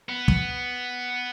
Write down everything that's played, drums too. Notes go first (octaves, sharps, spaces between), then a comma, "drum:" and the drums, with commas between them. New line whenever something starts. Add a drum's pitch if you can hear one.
B3
drum: kick